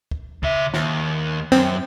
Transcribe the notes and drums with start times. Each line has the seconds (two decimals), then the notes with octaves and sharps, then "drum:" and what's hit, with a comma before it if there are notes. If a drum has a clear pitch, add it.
0.11 drum: kick
0.43 C#3 E5, drum: kick
0.74 D#2, drum: snare
1.52 F#2 C4